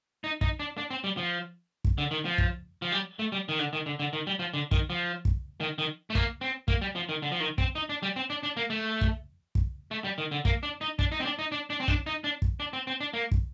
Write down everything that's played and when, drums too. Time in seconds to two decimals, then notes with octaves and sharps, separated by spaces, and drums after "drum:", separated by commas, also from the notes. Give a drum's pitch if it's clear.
0.24 D#4
0.41 D#4, drum: kick
0.60 D4
0.78 D4
0.91 C4
1.04 G3
1.17 F3
1.85 drum: kick
1.98 D3
2.11 D#3
2.25 F3
2.38 drum: kick
2.82 F3
2.92 G3
3.19 A3
3.32 G3
3.49 D#3
3.59 D3
3.73 D#3
3.86 D3
4.00 D3
4.13 D#3
4.27 G3
4.39 F3
4.54 D3
4.71 D#3, drum: kick
4.90 F3
5.25 drum: kick
5.61 D#3
5.78 D#3
6.10 A3
6.15 A#3, drum: kick
6.41 C4
6.68 A#3, drum: kick
6.81 G3
6.96 F3
7.09 D#3
7.22 D3
7.32 F3
7.40 D#3
7.58 C4, drum: kick
7.75 D#4
7.89 D4
8.03 G3
8.16 C4
8.30 D4
8.43 D4
8.57 A#3
8.70 A3
9.01 drum: kick
9.55 drum: kick
9.91 A3
10.04 G3
10.18 D#3
10.31 D3
10.45 A#3, drum: kick
10.63 D4
10.81 D#4
10.99 D4, drum: kick
11.12 D#4
11.20 C4
11.26 D4
11.39 D#4
11.52 D4
11.70 D4
11.80 C4
11.88 D4, drum: kick
12.06 D#4
12.24 D4
12.42 drum: kick
12.60 D4
12.73 C4
12.87 C4
13.01 D4
13.13 A#3
13.31 drum: kick